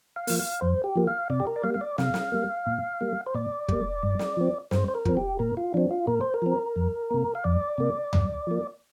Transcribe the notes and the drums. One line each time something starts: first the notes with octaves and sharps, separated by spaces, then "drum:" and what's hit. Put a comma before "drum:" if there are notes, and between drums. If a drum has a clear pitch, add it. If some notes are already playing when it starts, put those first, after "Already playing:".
F5
F3 A#3, drum: open hi-hat
F5
F2 C5
G4
F3 A#3
F5
C3 D5
G4
A#4
D5
G3 A#3 F5
F5
D5
C3 F5, drum: snare
drum: snare
G3 A#3
A#2
G3 A#3
C5
A#2 D5
G3 A#3, drum: kick
G2
drum: snare
F3 C4
G2 C5, drum: snare
C5
A#4
F3 C4, drum: kick
G4
A#2 A#4
F4
F3 C4 D4
F4
A#2 A#4
C5
A#4
F3 C4
F2
C3 A#3
F5
F2 D5
C3 A#3
G2, drum: tom D2
F3 A#3